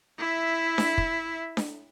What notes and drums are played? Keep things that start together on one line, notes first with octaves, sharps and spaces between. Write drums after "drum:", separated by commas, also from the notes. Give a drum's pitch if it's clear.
E4 E5
drum: snare D4
drum: kick
drum: snare D4